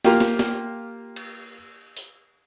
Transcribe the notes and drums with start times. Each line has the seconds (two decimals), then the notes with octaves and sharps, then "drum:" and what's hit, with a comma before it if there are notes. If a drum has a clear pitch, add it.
0.05 A#3 F4 G4, drum: snare
0.20 drum: snare
0.39 drum: snare
1.16 drum: cymbal
1.97 drum: open hi-hat